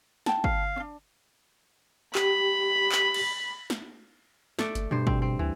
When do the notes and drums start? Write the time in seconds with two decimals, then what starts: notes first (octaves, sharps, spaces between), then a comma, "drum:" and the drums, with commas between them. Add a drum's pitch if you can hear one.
0.26 G5 A5, drum: snare
0.44 F5, drum: kick G1
0.76 C#4 D4
2.15 G4 B5, drum: clap
2.92 drum: clap
3.14 drum: cymbal
3.70 drum: snare
4.59 A3 A4 D5, drum: snare
4.75 G1, drum: hi-hat
4.91 G2 B2 C5
5.07 C4, drum: kick G1
5.22 C4
5.39 D2 E3